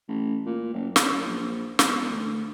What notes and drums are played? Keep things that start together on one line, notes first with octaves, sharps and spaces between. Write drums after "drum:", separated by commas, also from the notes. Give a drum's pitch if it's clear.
A1
A#2
F#1
F#2, drum: snare
A#1
E1, drum: snare
D2